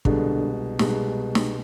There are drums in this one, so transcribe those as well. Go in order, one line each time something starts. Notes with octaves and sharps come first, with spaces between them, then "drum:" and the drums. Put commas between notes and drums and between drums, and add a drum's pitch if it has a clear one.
C2 B2 D3 G#3, drum: kick
C2 B2 G#3, drum: snare
drum: snare